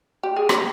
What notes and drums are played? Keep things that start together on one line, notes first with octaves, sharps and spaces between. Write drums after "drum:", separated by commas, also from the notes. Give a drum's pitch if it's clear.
G4
G#4
G4 A#4, drum: rim click